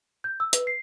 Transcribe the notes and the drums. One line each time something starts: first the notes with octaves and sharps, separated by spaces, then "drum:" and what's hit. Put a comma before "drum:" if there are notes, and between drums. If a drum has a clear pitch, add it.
G6
E6
B4, drum: hi-hat
C7